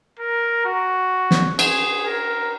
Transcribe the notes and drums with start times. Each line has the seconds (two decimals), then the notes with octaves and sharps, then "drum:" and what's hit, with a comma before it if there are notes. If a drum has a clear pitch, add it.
0.19 A#4
0.66 F#4
1.31 drum: snare
1.59 G#4, drum: cymbal
2.06 A#4